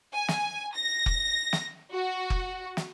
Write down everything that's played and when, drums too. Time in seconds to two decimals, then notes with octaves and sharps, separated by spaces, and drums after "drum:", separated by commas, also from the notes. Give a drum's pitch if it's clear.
0.13 G#5
0.28 drum: snare
0.75 A#6
1.06 drum: kick F1
1.53 drum: snare
1.92 F#4
2.30 drum: kick F1
2.77 drum: snare